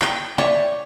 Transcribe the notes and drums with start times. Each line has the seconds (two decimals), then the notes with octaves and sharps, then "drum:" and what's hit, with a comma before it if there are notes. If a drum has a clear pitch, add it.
0.02 G5, drum: clap
0.38 C#5 D5 E5 G5 C#6